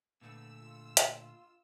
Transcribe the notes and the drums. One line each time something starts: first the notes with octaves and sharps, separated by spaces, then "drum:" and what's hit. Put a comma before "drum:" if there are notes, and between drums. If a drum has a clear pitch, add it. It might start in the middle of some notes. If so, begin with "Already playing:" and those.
A#2 D3 A3 B3 E6
F4
drum: hi-hat